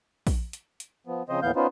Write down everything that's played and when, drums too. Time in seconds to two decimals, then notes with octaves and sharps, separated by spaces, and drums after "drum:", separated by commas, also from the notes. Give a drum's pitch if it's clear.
0.27 drum: kick A#1, open hi-hat
0.53 drum: hi-hat
0.80 drum: hi-hat
1.07 F3 B3
1.29 C#3 F3 C4 C5 D#5
1.42 D#2 A2 E3 B3 F5 G6
1.56 B3 C#4 D#4 F4 B4 C5